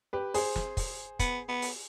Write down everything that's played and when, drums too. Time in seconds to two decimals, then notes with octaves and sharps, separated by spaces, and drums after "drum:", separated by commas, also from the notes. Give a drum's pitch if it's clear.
0.13 G4 B4
0.34 G#4 C5, drum: open hi-hat
0.56 drum: snare
0.77 drum: kick, open hi-hat
1.19 B3, drum: kick, hi-hat
1.48 B3
1.62 drum: open hi-hat